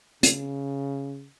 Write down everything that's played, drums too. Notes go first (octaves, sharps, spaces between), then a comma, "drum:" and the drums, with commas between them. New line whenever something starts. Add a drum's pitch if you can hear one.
C#3, drum: hi-hat